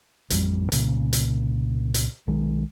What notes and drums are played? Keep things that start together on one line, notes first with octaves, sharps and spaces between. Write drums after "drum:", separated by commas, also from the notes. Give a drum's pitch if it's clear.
A1 F2 G3, drum: hi-hat
C2 A#2 C#3 C#4, drum: hi-hat
drum: hi-hat
drum: hi-hat
B1 D#3 G#3